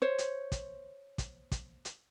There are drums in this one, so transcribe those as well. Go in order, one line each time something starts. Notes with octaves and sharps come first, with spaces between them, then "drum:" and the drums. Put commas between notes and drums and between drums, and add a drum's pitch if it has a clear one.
C5 C#5
drum: hi-hat
drum: kick, hi-hat
drum: kick, hi-hat
drum: kick, hi-hat
drum: hi-hat